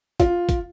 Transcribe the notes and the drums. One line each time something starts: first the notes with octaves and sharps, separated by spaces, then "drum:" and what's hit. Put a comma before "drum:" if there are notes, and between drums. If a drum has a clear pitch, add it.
F4, drum: kick, hi-hat
drum: kick, hi-hat